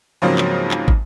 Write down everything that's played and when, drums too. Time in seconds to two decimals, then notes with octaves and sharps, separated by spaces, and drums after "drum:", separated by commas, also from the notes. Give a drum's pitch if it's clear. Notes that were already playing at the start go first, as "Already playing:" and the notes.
0.22 G#2 C#3 F3 F#3 A#3 C4
0.38 drum: clap
0.71 drum: clap
0.88 drum: kick